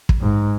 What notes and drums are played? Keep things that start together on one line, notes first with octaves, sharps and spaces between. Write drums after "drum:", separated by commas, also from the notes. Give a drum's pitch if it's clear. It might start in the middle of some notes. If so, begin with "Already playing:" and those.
drum: kick
G#2